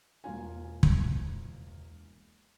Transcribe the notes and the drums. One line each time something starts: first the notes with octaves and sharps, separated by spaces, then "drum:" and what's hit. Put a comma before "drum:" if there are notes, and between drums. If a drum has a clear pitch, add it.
E1 A#3 F4 G#5
drum: kick